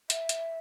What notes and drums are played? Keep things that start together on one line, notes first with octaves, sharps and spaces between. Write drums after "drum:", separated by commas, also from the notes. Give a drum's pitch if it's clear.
E5, drum: hi-hat
drum: hi-hat